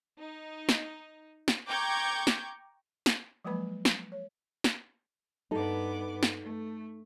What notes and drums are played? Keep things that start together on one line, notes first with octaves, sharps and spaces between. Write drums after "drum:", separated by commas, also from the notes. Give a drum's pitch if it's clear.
D#4
drum: snare
drum: snare
G5 A#5 C#6 D6 G6 G#6
drum: snare
drum: snare
F3 F#3 G#3 A#3 B4 B5
drum: snare
C#5
drum: snare
G2 B3 D#4 A4 D6
drum: snare
A3